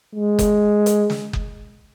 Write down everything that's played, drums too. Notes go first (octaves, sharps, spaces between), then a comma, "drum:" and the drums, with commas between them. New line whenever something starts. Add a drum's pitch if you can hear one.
G#3
drum: kick F#1, hi-hat
drum: hi-hat
drum: snare
drum: kick F#1